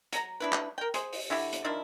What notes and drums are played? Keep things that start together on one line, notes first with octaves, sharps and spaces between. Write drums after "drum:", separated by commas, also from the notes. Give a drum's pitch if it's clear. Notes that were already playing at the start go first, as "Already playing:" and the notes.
F#3 A#5, drum: hi-hat
D4 E4 B4
drum: clap
A#4 G5
G#4 C5, drum: hi-hat
drum: open hi-hat
D3 E4 F#4 G4
drum: hi-hat
D#3 F3 D4 E4